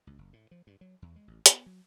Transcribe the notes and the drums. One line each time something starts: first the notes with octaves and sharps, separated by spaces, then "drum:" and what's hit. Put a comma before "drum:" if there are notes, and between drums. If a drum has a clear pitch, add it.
C#2
F#1
A2
F3
G2
F#3
E2
G#3
A1
B3, drum: hi-hat
F#3